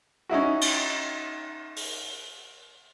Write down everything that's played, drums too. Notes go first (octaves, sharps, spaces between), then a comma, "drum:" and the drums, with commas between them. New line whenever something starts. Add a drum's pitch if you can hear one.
C#4 D#4 E4 F#4
drum: cymbal
drum: open hi-hat